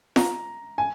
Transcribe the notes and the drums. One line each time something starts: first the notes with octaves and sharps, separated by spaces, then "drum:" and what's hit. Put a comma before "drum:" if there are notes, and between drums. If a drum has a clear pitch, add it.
A#5, drum: snare F4
G#5